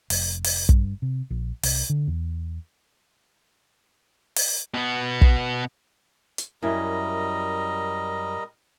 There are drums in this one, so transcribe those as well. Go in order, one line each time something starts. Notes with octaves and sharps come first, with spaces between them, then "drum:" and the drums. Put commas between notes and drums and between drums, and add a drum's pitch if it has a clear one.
F1, drum: open hi-hat
drum: open hi-hat
G2, drum: kick
C3
A#1
C2, drum: open hi-hat
D3
E2
drum: open hi-hat
B2 B3
drum: kick
drum: hi-hat
F#2 G3 E4 A#4 D#5